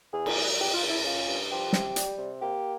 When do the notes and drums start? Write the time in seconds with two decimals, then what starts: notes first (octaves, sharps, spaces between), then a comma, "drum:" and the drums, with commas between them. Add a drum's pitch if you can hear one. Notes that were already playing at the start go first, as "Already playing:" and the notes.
0.13 E2 G#4
0.26 drum: cymbal
0.36 G3
0.59 C#2 G4
0.74 F4
0.82 C#2
0.89 E4
1.05 C#4 F4
1.28 G2
1.50 F3 G4
1.73 C3, drum: snare
1.96 G3, drum: hi-hat
2.19 C3
2.42 A#3 G4